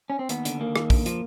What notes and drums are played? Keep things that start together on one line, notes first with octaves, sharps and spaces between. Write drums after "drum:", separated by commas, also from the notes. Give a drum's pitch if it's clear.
C#4
C4
D#2 B3, drum: hi-hat
D3, drum: hi-hat
D#2 A#3
D#2, drum: rim click
D3, drum: kick, open hi-hat
F3, drum: hi-hat